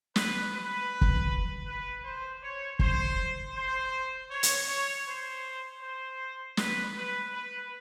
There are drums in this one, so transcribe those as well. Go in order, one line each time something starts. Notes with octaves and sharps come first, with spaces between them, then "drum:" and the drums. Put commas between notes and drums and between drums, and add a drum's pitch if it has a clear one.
B4, drum: snare
B4
drum: kick
B4
C5
C#5
C5, drum: kick
C5
C#5
drum: hi-hat
C#5
C5
C5
B4, drum: snare
B4
B4